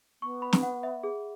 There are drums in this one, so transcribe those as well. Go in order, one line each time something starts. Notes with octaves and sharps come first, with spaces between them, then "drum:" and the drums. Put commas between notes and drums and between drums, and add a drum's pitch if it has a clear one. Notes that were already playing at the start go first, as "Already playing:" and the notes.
B3 C#6
B5
drum: snare
F#5
E5
G#4